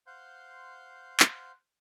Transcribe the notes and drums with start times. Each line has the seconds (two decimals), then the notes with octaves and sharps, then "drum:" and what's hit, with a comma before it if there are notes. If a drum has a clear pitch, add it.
0.07 C5 F5 F#5 C6 G6
1.20 drum: clap